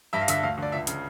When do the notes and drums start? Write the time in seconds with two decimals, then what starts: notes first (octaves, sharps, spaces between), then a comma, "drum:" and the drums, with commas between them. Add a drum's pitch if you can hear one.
0.13 G2 E5
0.21 F5
0.28 D3 E5, drum: hi-hat
0.43 D2 F5
0.58 D3 D5
0.72 C#2 E5
0.87 C#3, drum: hi-hat